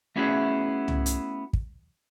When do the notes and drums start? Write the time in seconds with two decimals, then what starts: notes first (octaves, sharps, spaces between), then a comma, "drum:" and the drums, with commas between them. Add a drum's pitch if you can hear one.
0.16 A3 B3 C#4 E4 F#4 G#4
0.88 drum: tom
1.06 drum: hi-hat
1.53 drum: kick